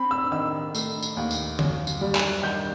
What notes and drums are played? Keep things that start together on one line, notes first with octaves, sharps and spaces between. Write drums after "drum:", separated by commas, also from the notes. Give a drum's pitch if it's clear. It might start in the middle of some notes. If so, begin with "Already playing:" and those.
Already playing: C4 B5
E6
D#3 E6
A3, drum: tambourine
drum: tambourine
D#2
drum: tambourine
F#2, drum: tom D3
drum: tambourine
G3
drum: clap
D#3 G6